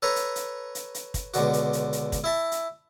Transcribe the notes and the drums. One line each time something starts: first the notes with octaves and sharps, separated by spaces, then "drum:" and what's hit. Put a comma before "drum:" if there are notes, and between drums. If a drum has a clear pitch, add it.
A4 B4 C#5 A#5
drum: hi-hat
drum: hi-hat
drum: hi-hat
drum: hi-hat
drum: kick, hi-hat
C#2 B2 D3 F#4, drum: hi-hat
drum: hi-hat
drum: hi-hat
drum: hi-hat
drum: kick, hi-hat
E4 E5 A5
drum: hi-hat